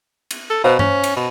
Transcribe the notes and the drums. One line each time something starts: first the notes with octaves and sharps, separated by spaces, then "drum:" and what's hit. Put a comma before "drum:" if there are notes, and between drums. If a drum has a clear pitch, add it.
drum: cymbal
A4
B2 C5 F5 A#5
C#4, drum: tom G2
drum: cymbal
B2